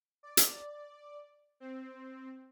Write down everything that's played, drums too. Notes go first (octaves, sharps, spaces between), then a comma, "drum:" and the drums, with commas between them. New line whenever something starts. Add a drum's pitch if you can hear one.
D5
drum: hi-hat
C4